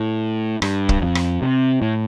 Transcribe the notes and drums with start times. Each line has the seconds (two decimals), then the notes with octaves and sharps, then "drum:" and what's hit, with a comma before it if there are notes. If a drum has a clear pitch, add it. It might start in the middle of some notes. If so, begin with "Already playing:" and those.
Already playing: A2
0.62 G2, drum: rim click
0.89 drum: kick
1.02 F2
1.15 drum: rim click
1.42 C3
1.82 A2